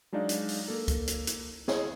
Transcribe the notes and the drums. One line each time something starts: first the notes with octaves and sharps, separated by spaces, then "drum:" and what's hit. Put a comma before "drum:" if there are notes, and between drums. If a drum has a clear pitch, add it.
F#3 G#3 D4 D#4 D5 F5
drum: hi-hat
drum: open hi-hat
A#3 A4
drum: kick C#2, hi-hat
drum: hi-hat
drum: hi-hat
E4 G#4 C#5 D#5, drum: snare